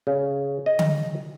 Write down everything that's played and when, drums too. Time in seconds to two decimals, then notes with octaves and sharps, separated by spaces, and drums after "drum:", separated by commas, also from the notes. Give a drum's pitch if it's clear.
0.07 C#3
0.66 D#5
0.79 drum: tom D3